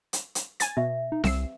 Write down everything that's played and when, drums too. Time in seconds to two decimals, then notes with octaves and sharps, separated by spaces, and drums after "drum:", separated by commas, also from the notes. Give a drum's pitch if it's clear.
0.13 drum: hi-hat
0.35 drum: hi-hat
0.60 G#5 A6, drum: hi-hat
0.77 B2 E5
1.12 D#4
1.24 C2 E6 C7, drum: snare C4